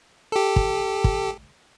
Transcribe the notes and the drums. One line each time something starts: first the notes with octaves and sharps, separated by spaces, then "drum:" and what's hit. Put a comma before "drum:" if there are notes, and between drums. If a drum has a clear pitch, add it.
G4 A4
drum: kick
drum: kick